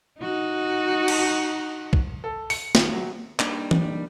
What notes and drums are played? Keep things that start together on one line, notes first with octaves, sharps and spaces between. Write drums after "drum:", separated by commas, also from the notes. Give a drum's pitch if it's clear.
D#4 F#4
drum: cymbal
drum: kick
A4
C#7, drum: open hi-hat
D#3, drum: snare
F#3
G3 A#3 D4 D#4, drum: clap
drum: tom E3